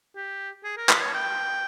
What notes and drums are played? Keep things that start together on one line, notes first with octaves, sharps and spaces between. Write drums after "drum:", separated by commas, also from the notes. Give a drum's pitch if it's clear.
G4
G#4
A#4
B4, drum: clap
C#5
G5